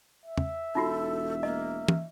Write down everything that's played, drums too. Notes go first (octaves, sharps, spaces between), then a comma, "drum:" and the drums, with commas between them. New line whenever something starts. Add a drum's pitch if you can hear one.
E5
drum: tom
E1 D#4 F4 F#4 A4
A#3 D#5
drum: tom